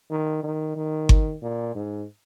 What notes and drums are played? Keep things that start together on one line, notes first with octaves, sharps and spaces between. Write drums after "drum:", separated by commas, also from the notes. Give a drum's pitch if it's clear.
D#3
D#3
D#3
drum: kick G1
A#2
G#2